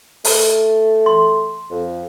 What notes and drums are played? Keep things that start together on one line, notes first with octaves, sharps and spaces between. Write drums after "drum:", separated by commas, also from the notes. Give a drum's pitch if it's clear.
A3, drum: open hi-hat
C6
F2